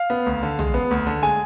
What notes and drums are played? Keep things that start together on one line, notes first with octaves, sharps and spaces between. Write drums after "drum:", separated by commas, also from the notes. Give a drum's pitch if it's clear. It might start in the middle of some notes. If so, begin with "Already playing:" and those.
Already playing: F5
B3
D2
D3
G#3, drum: tom
B3
D2
D3
G#3 G#5, drum: hi-hat